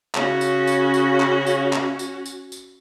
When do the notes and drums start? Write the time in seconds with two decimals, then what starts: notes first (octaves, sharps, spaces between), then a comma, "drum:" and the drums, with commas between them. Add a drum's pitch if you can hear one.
0.15 C#3 C#4 F#4, drum: clap
0.41 drum: tambourine
0.67 drum: tambourine
0.94 drum: tambourine
1.20 drum: clap
1.47 drum: tambourine
1.73 drum: clap
1.99 drum: tambourine
2.26 drum: tambourine
2.52 drum: tambourine